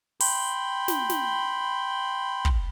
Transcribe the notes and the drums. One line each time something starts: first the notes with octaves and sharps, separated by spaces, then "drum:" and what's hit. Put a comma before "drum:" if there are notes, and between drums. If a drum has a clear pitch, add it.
G5 B5 C6, drum: open hi-hat
drum: snare
drum: snare
drum: kick